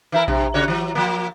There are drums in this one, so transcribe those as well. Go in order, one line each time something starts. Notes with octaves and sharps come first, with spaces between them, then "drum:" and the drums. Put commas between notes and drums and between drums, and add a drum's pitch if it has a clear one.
E3 E4 A#4
G2 C3, drum: kick A#1
C#3 F#4 C#5
E3 F#3
F3 A#3